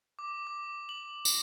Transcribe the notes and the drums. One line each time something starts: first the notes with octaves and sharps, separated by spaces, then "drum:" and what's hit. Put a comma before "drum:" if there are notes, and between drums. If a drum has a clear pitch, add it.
D6
D6
F#7
drum: tambourine